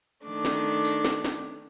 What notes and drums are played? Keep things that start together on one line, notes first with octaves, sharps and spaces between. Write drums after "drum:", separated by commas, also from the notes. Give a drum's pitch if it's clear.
D#3 A3 D4 D6
drum: snare
drum: tambourine
drum: snare
drum: snare